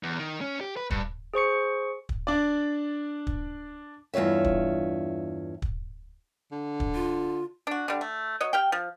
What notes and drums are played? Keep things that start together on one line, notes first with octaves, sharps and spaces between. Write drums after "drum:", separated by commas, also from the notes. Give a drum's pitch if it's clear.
E2
D#3
C#4
G4
B4
G2, drum: kick
G#4 C5 C#6 C#7
drum: kick
D4 D5
drum: kick
E2 G2 F4 C#5 E5
drum: kick
drum: kick
D3
drum: kick
F4
D4 F#4
D3 G3
A3
F#3 C#5 D#5
G4 F5 G5
F3